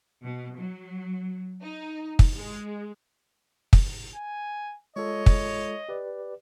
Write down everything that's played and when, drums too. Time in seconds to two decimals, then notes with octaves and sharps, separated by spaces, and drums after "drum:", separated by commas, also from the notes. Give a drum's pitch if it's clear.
0.24 B2
0.58 F#3
1.61 D#4
2.19 drum: kick
2.36 G#3
3.73 drum: kick
4.15 G#5
4.96 G#3 F4 A4 C#5 D#5
5.26 drum: kick
5.89 G4 B4 D5